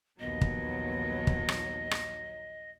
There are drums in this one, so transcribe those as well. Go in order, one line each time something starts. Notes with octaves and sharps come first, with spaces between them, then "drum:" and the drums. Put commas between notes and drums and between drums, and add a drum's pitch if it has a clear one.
A#1 D#2 D#3 F#3 B3 C#5 D#5
drum: kick
drum: kick
drum: rim click
drum: rim click